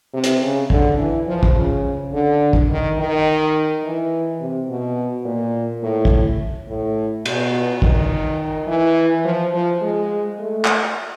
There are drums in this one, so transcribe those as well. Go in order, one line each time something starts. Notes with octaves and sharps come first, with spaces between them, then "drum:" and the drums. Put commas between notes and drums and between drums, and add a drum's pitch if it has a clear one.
C3
drum: hi-hat
C#3
D3, drum: kick
E3
F3
drum: kick
C#3
D3
drum: kick
D#3
D#3
E3
C3
B2
A#2
A2
drum: kick
A2
B2, drum: cymbal
D#3, drum: kick
E3
F3
F3
G#3
A3
drum: clap